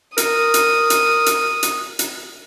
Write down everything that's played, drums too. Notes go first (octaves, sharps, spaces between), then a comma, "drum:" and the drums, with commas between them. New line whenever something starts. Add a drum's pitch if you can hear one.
A#4 D#6, drum: hi-hat
drum: hi-hat
drum: hi-hat
drum: hi-hat
drum: hi-hat
drum: hi-hat